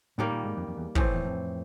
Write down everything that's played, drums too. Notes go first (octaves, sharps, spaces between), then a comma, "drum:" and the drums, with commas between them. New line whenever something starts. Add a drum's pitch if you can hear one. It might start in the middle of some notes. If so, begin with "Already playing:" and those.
A2 D#3 G3 A#3
A#2
G#2
F2
F2
E2
F2 A2 E3 A3 C4, drum: kick
E2
F2